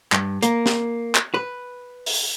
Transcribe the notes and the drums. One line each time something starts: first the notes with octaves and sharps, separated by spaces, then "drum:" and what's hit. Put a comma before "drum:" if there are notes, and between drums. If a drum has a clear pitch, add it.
G2, drum: clap
A#3, drum: hi-hat
drum: snare
drum: clap
B4
drum: open hi-hat